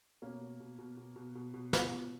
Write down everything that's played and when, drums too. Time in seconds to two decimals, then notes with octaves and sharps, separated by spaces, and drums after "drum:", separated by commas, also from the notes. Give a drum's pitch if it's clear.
0.22 B2 A#3 C#4
0.41 B2
0.60 B2
0.79 B2
0.97 B2
1.16 B2
1.35 B2
1.54 B2
1.73 B2, drum: snare
1.91 B2